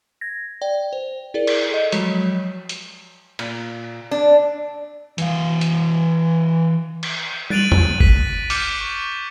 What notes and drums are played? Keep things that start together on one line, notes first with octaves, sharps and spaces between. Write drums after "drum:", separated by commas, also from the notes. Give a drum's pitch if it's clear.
G#6 A#6
D5 G5
C5
E4 G#4 A#4 D5
drum: cymbal
A4 D#5
F3 F#3 G#3 F#4 C#5, drum: hi-hat
drum: hi-hat
A#2, drum: cymbal
D4
E3 F5, drum: hi-hat
drum: hi-hat
drum: cymbal
F#6 A6 D7 D#7 F7 F#7, drum: tom
drum: tom
B6, drum: kick F#1
D6 F6 G6 C#7, drum: open hi-hat
C#6